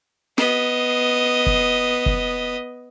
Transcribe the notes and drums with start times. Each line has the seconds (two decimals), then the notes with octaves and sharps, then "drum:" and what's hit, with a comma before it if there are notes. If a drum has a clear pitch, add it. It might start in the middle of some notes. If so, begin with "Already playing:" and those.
0.38 B3 D#5, drum: snare
1.46 drum: kick
2.06 drum: kick